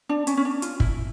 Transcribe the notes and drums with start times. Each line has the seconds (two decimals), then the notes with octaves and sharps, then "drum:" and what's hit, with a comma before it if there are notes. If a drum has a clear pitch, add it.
0.09 D4
0.27 C#4, drum: hi-hat
0.37 C#4
0.45 D4
0.62 F4, drum: hi-hat
0.80 E4, drum: kick